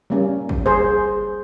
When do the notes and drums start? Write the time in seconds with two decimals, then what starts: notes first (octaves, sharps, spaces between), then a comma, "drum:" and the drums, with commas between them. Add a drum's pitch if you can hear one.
0.10 G3 A#3 C#4
0.49 drum: kick
0.66 G#4 C5